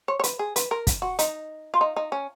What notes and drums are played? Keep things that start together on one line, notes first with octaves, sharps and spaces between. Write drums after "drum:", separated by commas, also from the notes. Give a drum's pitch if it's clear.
C#5
C#5
B4, drum: hi-hat
G#4
B4, drum: hi-hat
A#4
drum: kick, hi-hat
F#4
D#4, drum: hi-hat
F4
D#4
D#4
C#4